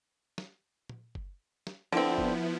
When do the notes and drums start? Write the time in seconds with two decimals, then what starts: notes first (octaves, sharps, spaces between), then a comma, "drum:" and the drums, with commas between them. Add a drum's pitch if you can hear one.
0.38 drum: snare
0.89 drum: tom
1.15 drum: kick F#1
1.67 drum: snare
1.92 D3 F3 B3 C4 E4
2.18 drum: kick F#1